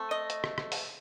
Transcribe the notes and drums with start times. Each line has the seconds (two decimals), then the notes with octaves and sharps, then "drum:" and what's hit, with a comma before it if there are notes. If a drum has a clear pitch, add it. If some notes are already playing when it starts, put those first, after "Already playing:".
Already playing: A3 C4
0.11 D#5
0.30 drum: hi-hat
0.44 drum: rim click
0.58 drum: rim click
0.72 drum: open hi-hat